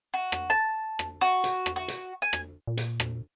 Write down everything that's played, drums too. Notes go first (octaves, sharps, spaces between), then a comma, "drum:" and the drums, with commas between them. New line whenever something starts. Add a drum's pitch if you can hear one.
F#4
drum: rim click
A5
drum: rim click
F#4
drum: hi-hat
drum: rim click
F#4
drum: hi-hat
G#5
drum: rim click
A#2
drum: hi-hat
drum: rim click